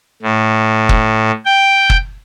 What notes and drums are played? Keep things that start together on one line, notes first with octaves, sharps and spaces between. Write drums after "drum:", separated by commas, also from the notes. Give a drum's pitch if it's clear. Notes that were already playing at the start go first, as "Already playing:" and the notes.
A2
drum: kick
G5
drum: kick